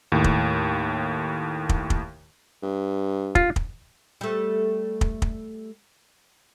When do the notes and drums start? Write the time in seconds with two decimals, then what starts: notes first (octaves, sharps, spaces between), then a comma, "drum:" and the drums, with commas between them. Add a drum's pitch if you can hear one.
0.12 D#2 A2
0.24 drum: kick
1.69 drum: kick
1.90 drum: kick
2.63 G2
3.35 F4, drum: kick
3.56 drum: kick
4.21 G3 A3
5.01 drum: kick
5.22 drum: kick